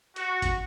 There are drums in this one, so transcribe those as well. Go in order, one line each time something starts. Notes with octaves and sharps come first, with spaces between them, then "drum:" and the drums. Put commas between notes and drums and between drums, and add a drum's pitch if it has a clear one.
F#4, drum: hi-hat
drum: kick G#1, hi-hat